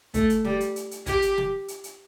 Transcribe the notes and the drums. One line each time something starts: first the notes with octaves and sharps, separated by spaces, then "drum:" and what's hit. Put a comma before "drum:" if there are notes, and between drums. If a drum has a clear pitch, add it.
A3, drum: kick, hi-hat
drum: hi-hat
G3, drum: snare
drum: hi-hat
drum: hi-hat
drum: hi-hat
G4, drum: kick, hi-hat
drum: hi-hat
drum: snare
drum: hi-hat
drum: hi-hat